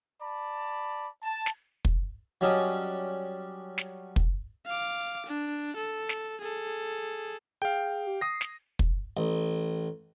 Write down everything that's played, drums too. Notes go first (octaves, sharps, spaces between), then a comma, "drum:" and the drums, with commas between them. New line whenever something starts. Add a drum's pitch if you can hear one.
D5 A5 B5
A5
drum: snare
drum: kick
F#3 G3 C#4 D4 D#5
drum: snare
drum: kick
F5 D6
D4
A4
drum: snare
G#4 A4
G#4 F5 G5
G4
D#6 A#6 C7
drum: snare
drum: kick
A1